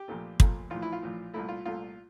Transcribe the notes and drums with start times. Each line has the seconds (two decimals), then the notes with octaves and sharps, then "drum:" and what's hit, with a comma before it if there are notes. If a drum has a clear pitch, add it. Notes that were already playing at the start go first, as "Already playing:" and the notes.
Already playing: G4
0.08 A#1 A#2 A3
0.40 A#1 A#2 A3, drum: kick
0.70 A#1 A2 E3 F4
0.82 E4
0.92 F4
1.01 A#1 A2 E3
1.34 C2 A#2 A3 E4
1.49 F4
1.65 C2 A#2 A3 F4